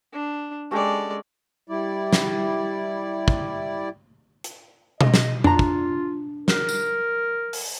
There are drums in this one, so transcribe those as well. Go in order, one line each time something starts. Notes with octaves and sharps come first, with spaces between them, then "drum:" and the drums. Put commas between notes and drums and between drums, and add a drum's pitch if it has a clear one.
D4
G#3 C#4 G4 A4 D5
G3 E4 D5
drum: snare
drum: kick
drum: hi-hat
D#5, drum: tom B2
drum: snare
D4 F4 A#5, drum: tom F2
drum: kick
A#4, drum: snare
drum: tambourine
drum: open hi-hat